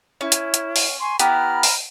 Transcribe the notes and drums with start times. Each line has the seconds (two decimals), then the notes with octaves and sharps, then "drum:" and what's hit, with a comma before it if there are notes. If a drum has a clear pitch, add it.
0.21 C#4 E4
0.32 drum: hi-hat
0.54 drum: hi-hat
0.76 drum: open hi-hat
1.01 G#5 C6 C#6
1.19 B3 E4 G4 A#5 B5 F6, drum: hi-hat
1.63 drum: open hi-hat